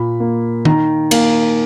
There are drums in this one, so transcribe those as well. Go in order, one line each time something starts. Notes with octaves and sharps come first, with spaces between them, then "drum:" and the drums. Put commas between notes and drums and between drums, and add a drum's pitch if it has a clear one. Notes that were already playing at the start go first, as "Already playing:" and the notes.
Already playing: A#2 B5
A#3
D#3 A#5, drum: tom D#3
A#3, drum: cymbal